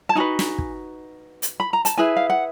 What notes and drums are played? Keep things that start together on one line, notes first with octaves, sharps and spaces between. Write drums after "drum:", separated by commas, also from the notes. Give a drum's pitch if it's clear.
A5
D#4 F#4 B4 G#5
drum: snare
drum: kick
drum: hi-hat
B5
A#5
A5, drum: hi-hat
E4 G#4 B4 G#5
F5
F#5